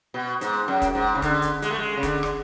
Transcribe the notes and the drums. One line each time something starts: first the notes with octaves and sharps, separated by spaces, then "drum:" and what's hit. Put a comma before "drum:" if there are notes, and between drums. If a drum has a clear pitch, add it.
B2
G#2, drum: hi-hat
F#2
drum: kick, hi-hat
G#2
C#3
D3, drum: kick, hi-hat
drum: hi-hat
G#3, drum: hi-hat
A3
G#3
C#3
D3, drum: kick, hi-hat
drum: rim click